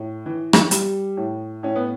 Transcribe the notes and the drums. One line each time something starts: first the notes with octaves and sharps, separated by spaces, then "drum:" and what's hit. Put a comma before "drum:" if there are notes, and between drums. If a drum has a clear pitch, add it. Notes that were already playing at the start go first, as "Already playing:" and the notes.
Already playing: A2
E3
drum: rim click
G3, drum: hi-hat
A2
A2 C#4
B3